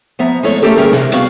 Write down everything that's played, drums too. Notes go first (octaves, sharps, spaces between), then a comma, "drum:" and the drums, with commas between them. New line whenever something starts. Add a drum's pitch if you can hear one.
F3 B3 E5 A#5
F3 G#3 A3 E4 A4 C#5
A3 A#3 C#4 G4 A4
D3 E3 G3 C#4 G#4 A#4
C3, drum: snare
G3 B3 F#4 F5, drum: hi-hat